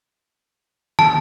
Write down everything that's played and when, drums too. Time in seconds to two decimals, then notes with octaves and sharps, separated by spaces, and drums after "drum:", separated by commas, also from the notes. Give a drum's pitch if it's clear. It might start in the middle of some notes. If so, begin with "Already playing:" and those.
0.99 A5, drum: tom